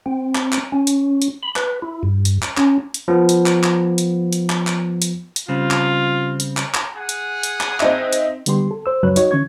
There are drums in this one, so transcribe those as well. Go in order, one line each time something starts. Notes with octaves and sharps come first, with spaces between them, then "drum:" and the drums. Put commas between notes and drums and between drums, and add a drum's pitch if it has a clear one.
C4
drum: clap
drum: clap
C#4
drum: hi-hat
drum: hi-hat
B5
B4, drum: clap
E4
G2
drum: hi-hat
drum: clap
C#4, drum: clap
drum: hi-hat
F3 B3
drum: hi-hat
drum: clap
drum: clap
drum: hi-hat
drum: hi-hat
drum: clap
drum: clap
drum: hi-hat
drum: hi-hat
C#3 G3 C4 F4
drum: clap
drum: hi-hat
drum: clap
drum: clap
G#4 F#5 D#6
drum: hi-hat
drum: hi-hat
drum: clap
C4 D#4 E5, drum: clap
drum: hi-hat
D3 G3 B3 G4 C6, drum: hi-hat
A4
C5 E6
C#2 F#2 F#3 B4 C#5 F#6
D#4 F#4 C#5 D#5, drum: hi-hat
D3 E3 C#4 C#6 G#6